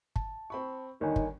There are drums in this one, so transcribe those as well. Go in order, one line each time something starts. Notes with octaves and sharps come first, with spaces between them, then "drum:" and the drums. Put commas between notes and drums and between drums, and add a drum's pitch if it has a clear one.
A5, drum: kick
C4 B5 C#6
G1 D#2 D#4 A#4 C#5 G#5
drum: kick